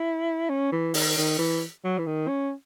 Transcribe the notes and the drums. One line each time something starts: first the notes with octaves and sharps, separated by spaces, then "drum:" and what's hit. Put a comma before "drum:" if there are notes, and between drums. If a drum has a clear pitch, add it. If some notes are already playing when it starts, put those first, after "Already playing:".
Already playing: E4
C#4
E3
D#3, drum: open hi-hat
D#3
E3
F#3
E3
D#3
C#4